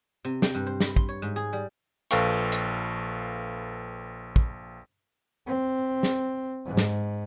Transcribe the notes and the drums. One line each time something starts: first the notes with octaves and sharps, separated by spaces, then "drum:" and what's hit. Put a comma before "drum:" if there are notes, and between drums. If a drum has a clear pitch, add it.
C3
G5, drum: snare
G2
C5
B5, drum: snare
C6, drum: kick
C#5
G#2
G#4
G3
A#1 A4 B4 F5 G5 C#6, drum: hi-hat
drum: hi-hat
drum: kick
C4
drum: snare
G#2
drum: snare